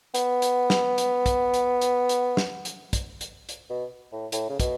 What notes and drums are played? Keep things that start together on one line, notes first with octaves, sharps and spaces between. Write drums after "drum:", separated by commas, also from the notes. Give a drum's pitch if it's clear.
B3, drum: hi-hat
drum: hi-hat
drum: snare
drum: hi-hat
drum: kick, hi-hat
drum: hi-hat
drum: hi-hat
drum: hi-hat
drum: snare
drum: hi-hat
drum: kick, hi-hat
drum: hi-hat
drum: hi-hat
B2
A2
A2, drum: hi-hat
C#3
B2, drum: kick, hi-hat